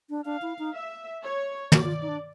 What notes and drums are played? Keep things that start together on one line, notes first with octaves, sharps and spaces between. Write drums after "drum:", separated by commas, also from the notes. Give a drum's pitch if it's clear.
D4
D4 F5
E4
D#4
E5
C#5
F#4 D5, drum: tom
F4
D#4
D4